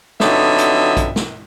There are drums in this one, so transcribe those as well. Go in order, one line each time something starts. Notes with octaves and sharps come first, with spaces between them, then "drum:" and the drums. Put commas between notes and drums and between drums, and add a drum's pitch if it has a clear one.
F2 D3 F#3 B3 D#4 E5, drum: snare
drum: hi-hat
drum: kick A#1, hi-hat
drum: snare